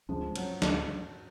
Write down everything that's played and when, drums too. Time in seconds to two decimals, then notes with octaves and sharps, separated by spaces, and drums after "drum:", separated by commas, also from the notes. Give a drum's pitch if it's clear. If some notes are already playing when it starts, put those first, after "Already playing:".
0.09 D2 D3 F3 G#3
0.36 F#3, drum: cymbal
0.62 D2 D3 G#3, drum: snare